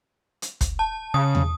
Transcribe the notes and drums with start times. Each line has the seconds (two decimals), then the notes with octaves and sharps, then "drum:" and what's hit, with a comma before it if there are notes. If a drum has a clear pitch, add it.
0.42 drum: hi-hat
0.61 drum: kick, hi-hat
0.79 A5
1.14 C#3 D#6
1.35 drum: tom